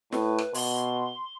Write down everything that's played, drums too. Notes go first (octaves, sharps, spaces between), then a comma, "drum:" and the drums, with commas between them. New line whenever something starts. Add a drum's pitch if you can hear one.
A2 B4, drum: snare
drum: rim click
B2 C6, drum: open hi-hat